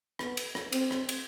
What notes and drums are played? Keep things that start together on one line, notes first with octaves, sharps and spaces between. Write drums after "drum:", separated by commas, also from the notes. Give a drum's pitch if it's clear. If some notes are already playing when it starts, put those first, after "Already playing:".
B3, drum: rim click
drum: cymbal
drum: rim click
C4, drum: cymbal
drum: rim click
drum: cymbal